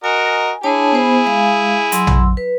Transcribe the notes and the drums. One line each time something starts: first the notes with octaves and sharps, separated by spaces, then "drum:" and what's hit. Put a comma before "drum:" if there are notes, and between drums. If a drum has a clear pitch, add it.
F#4 A#4 D#5 G#5
D4 E4 G#4 C#5 A5
B3 C5
G#3 F5 G#5
F#3 C6 E6, drum: hi-hat
drum: tom A#1
B4